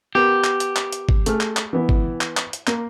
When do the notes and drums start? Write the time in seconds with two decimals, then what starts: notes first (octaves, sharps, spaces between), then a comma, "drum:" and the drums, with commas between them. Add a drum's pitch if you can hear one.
0.15 B3 G4 A#4
0.44 drum: clap
0.60 drum: hi-hat
0.76 drum: clap
0.93 drum: hi-hat
1.09 drum: kick
1.26 A3 G#4 F6, drum: hi-hat
1.41 drum: clap
1.57 drum: clap
1.73 E3 B3 E4
1.89 drum: kick
2.21 drum: clap
2.37 drum: clap
2.53 drum: hi-hat
2.67 A#3, drum: clap